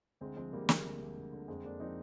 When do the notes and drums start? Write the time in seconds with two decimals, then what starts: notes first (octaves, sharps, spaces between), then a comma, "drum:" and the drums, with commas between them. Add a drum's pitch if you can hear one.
0.21 D2 G#3 C4
0.36 F3 G#3 C4
0.53 D2 G3 A#3
0.69 D2 G#3, drum: snare
0.85 D2
1.00 D2
1.17 D2
1.33 D3
1.48 F2 G#3 C4
1.64 F2 A#3 D4
1.80 F3 C4 D#4